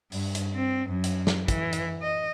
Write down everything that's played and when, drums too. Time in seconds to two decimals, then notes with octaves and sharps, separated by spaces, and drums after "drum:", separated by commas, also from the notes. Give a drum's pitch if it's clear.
0.12 G2, drum: open hi-hat
0.35 drum: hi-hat
0.55 C4
0.90 F#2
1.04 drum: hi-hat
1.27 drum: snare
1.48 E3, drum: kick, hi-hat
1.73 drum: hi-hat
2.02 D#5